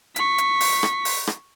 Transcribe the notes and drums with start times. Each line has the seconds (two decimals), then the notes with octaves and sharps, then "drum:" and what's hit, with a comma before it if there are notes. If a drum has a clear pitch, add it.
0.16 C#6 B6, drum: hi-hat
0.38 drum: hi-hat
0.61 drum: open hi-hat
0.83 drum: rim click
1.05 drum: open hi-hat
1.27 drum: rim click